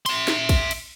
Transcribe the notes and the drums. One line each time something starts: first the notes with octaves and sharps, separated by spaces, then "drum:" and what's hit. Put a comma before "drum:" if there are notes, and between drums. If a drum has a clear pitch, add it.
E5 C6, drum: cymbal
drum: snare
drum: kick, cymbal
drum: cymbal